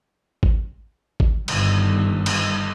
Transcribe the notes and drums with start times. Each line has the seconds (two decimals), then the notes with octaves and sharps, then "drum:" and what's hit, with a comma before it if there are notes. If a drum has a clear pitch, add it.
0.43 drum: kick G#1
1.20 drum: kick G#1
1.48 G1 G2 D#3 G3, drum: cymbal
2.26 drum: cymbal